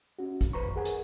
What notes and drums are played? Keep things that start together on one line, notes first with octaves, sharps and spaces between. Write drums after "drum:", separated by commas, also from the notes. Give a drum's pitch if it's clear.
C#4 F#4
drum: kick, hi-hat
B4 C5 A#5 C#6
drum: tom F2
G#4 A#4 F#5 G#5
drum: hi-hat